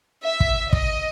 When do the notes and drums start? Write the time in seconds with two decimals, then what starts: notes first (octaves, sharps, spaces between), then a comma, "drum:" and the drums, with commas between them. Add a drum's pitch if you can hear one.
0.24 E5
0.40 drum: kick
0.73 D#5, drum: kick